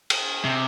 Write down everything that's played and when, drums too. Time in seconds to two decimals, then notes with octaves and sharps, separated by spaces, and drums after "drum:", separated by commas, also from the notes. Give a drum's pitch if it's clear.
0.10 drum: cymbal
0.44 C3